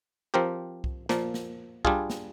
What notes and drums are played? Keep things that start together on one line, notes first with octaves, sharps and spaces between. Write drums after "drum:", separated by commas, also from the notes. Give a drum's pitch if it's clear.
F3 C4 G4 A#4
drum: kick C2
A#2 F3 A#3, drum: snare
drum: snare
G3 D4 F4 G#4, drum: kick C2
drum: snare